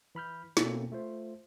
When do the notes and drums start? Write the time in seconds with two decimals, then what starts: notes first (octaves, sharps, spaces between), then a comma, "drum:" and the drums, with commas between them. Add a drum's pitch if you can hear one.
0.15 E3 B5 F6 G6
0.57 B2 A#3 C4 C#4 E4 A4, drum: snare
0.92 A3 F4 C5